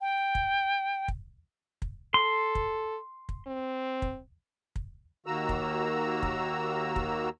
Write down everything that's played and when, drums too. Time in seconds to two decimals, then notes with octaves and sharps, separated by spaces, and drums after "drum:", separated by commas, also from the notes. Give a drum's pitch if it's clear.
0.01 G5
0.35 drum: kick
1.08 drum: kick
1.82 drum: kick
2.14 A4 C6
2.55 drum: kick
3.29 drum: kick
3.47 C4
4.02 drum: kick
4.76 drum: kick
5.26 D#2 D#3 A#3 F#4 A#5 E6
5.49 drum: kick
6.22 drum: kick
6.96 drum: kick